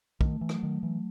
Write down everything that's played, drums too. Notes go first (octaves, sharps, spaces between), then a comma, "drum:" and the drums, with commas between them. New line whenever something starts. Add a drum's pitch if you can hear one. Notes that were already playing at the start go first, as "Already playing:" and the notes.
D#3 A3, drum: kick
E3
F#3, drum: rim click
D#3
F#3
E3